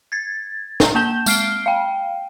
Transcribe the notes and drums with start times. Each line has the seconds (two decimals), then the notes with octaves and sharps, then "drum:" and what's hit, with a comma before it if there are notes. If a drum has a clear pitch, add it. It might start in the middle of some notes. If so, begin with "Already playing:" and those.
0.12 G#6 A6
0.80 drum: snare
0.95 A#3 A5 G6 E7 G7
1.26 G#3 F6 C7 D7 G7, drum: tambourine
1.66 F5 G5